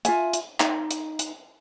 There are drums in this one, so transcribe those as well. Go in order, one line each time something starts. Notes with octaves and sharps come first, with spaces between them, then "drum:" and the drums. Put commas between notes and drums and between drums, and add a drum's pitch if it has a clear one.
F4 E5 G#5, drum: hi-hat
drum: hi-hat
D#4, drum: clap
drum: hi-hat
drum: hi-hat